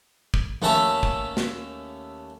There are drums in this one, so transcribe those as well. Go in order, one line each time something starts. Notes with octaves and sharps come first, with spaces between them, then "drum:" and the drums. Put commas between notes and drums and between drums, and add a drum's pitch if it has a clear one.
drum: kick
D#2 A3 C#4 E5 A5 A#5, drum: tom F3
drum: kick
drum: snare